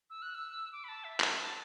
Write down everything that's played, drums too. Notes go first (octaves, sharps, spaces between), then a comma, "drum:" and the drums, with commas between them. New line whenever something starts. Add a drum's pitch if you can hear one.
E6
F#6
E6
D6
B5
A5
E5
F#5, drum: clap
A5